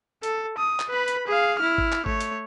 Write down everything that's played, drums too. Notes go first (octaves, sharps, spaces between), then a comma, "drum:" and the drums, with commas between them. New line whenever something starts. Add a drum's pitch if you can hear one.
A4, drum: hi-hat
D#6
drum: clap
B4 B5
drum: hi-hat
G#4 F5
E4 F6
drum: kick G#1
drum: clap
A3 C#5, drum: kick G#1
drum: hi-hat